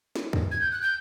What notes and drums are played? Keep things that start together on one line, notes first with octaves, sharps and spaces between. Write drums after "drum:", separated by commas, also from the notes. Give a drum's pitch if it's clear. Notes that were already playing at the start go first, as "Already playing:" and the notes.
drum: snare
drum: kick
G#6
G6
F#6
G6